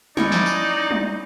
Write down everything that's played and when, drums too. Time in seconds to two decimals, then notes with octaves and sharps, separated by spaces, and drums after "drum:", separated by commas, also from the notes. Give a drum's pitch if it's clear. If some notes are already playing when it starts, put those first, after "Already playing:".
0.17 C#4 D#4 E4 C#5 D5, drum: tom G3
0.32 drum: snare
0.46 drum: tambourine
0.91 drum: tom G3